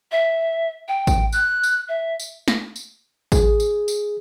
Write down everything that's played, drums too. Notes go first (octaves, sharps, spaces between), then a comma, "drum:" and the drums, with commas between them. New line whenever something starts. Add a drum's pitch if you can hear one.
E5
G5
drum: kick A1, tambourine
F#6, drum: tambourine
drum: tambourine
E5
drum: tambourine
drum: snare
drum: tambourine
G#4, drum: kick A1, tambourine
drum: tambourine
drum: tambourine